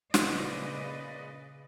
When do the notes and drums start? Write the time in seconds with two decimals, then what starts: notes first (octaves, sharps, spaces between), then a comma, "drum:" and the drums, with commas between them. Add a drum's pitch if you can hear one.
0.14 A#2 C#3 B4 D5 D#5, drum: snare